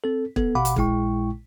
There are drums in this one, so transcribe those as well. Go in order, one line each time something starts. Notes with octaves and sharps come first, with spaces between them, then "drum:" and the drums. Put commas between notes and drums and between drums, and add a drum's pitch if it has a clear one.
C4 A4
B3 A4, drum: kick
A1 B2 F5 F#5 B5 D6
drum: hi-hat
A#1 A#2 G#3 E4 G5 C#6, drum: kick